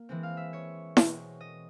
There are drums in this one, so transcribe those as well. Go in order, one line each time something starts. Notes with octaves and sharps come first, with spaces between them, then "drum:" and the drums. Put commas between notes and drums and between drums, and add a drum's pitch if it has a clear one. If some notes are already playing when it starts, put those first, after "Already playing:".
Already playing: A#3
E3 G#3 C4
F5
E5
C#5
B2 G#3 C4, drum: snare E4
D#5